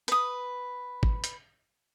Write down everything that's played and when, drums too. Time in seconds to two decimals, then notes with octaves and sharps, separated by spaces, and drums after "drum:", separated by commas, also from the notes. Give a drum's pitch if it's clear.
0.08 B4 D#6, drum: hi-hat
1.03 drum: kick G#1
1.24 drum: hi-hat